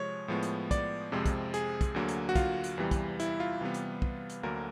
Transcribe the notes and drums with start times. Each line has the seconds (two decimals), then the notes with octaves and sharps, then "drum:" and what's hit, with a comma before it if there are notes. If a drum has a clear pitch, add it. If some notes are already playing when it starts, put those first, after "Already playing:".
Already playing: C3 F3 G#3 C#5
0.28 A2 F3 G#3 B3
0.43 drum: hi-hat
0.71 D5, drum: kick, hi-hat
1.12 F2 C3 F3 G#3 C4
1.26 drum: kick, hi-hat
1.54 G#4, drum: hi-hat
1.81 drum: kick, hi-hat
1.94 D2 D3 F#3 A#3
2.08 drum: hi-hat
2.29 F#4
2.36 F4, drum: kick, hi-hat
2.64 drum: hi-hat
2.78 E2 C3 E3 G3
2.91 drum: kick, hi-hat
3.20 E4, drum: hi-hat
3.40 F4
3.61 C3 E3 G3 B3
3.74 drum: hi-hat
4.02 drum: kick
4.30 drum: hi-hat
4.43 D2 D3 F#3 A#3 A#4